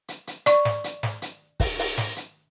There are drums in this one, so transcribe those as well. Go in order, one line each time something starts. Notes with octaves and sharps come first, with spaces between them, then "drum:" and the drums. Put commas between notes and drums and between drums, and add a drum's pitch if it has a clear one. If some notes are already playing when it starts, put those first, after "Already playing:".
drum: hi-hat
drum: hi-hat
D5 C#6, drum: hi-hat
drum: snare
drum: hi-hat
drum: snare
drum: hi-hat
drum: kick, open hi-hat
drum: open hi-hat
drum: snare
drum: hi-hat